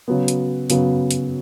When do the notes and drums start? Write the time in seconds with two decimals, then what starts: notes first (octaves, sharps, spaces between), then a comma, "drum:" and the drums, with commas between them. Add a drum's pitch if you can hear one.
0.08 C#3 F#3 B3
0.28 drum: hi-hat
0.70 C#3 F#3 B3, drum: hi-hat
1.11 drum: hi-hat